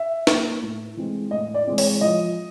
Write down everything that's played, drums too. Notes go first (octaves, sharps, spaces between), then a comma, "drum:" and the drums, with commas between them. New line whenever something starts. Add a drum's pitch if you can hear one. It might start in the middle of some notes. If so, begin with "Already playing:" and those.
Already playing: E5
A#3 D#4, drum: snare
A2
E3 G#3 C4
A2 D#5
D5
E3 G#3 C4
C#5, drum: open hi-hat
F3 D#5